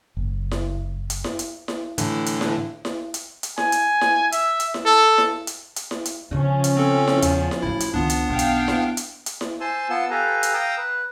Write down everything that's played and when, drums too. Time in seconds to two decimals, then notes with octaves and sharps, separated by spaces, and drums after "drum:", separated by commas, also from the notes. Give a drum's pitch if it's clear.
0.17 F#1
0.51 drum: snare E4
1.10 drum: hi-hat
1.24 drum: snare E4
1.39 drum: hi-hat
1.68 drum: snare E4
1.98 A2 D3 E3, drum: hi-hat
2.26 drum: hi-hat
2.41 drum: snare E4
2.85 drum: snare E4
3.14 drum: hi-hat
3.43 drum: hi-hat
3.58 G#5, drum: snare E4
3.72 drum: hi-hat
4.01 drum: snare E4
4.32 E5, drum: hi-hat
4.60 drum: hi-hat
4.74 drum: snare E4
4.86 A4
5.18 drum: snare E4
5.47 drum: hi-hat
5.76 drum: hi-hat
5.91 drum: snare E4
6.05 drum: hi-hat
6.31 C#3 F3 C#4 D4
6.64 drum: hi-hat
6.77 C4 A4
7.08 drum: snare E4
7.22 E2, drum: hi-hat
7.51 drum: snare E4
7.62 A2 F#3 E4
7.80 drum: hi-hat
7.94 C#2 D#3 F3 B3 D4
8.10 drum: hi-hat
8.30 B1 F#2 F5 G5
8.39 drum: hi-hat
8.68 drum: snare E4
8.97 drum: hi-hat
9.26 drum: hi-hat
9.41 drum: snare E4
9.60 C5 G#5 A5 C6 E6
9.89 B3 F4 A5 C6 E6
10.10 G4 A4 B4 F5 G#5 A#5
10.43 drum: hi-hat
10.54 F5 G5 A#5 D#6 E6
10.78 B4